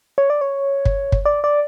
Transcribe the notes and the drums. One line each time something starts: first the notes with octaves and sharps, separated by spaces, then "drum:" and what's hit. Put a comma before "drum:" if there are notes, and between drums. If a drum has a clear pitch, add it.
C#5
D5
C#5
drum: kick
drum: kick
D5
D5